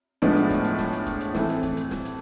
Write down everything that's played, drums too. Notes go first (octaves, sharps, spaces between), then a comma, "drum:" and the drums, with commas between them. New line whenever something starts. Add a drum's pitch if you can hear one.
A2 F3 G#3 B3 D4, drum: snare
drum: hi-hat
drum: kick, hi-hat
drum: hi-hat
drum: snare
drum: hi-hat
drum: kick, hi-hat
drum: hi-hat
E3 A3 C4, drum: snare
drum: hi-hat
drum: kick, hi-hat
drum: hi-hat
drum: snare
drum: hi-hat